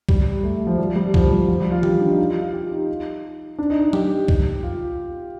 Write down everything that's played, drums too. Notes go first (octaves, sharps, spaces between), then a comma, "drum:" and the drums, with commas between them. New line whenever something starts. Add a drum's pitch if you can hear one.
G3, drum: kick B1
A3
F3
G3
G3
F3, drum: kick B1
F3
F3
G3
F4
G4, drum: tom D#3
D4
D#4
F4
F4
F4
G4
D#4
D4
D#4
D#4
G4, drum: tom F#3
drum: kick B1
F4